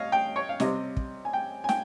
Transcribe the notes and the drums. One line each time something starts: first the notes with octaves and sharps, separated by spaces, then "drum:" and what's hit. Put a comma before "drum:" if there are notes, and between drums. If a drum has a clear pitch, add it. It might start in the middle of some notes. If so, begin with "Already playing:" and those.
Already playing: C#5 D#5 F5
G5
C#5
F5
C3 G3 C4 D#5, drum: snare
drum: kick
G#5
G5
G#5
G5, drum: snare